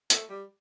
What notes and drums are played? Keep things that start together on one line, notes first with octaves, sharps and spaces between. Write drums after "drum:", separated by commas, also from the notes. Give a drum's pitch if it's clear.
A3, drum: hi-hat
G3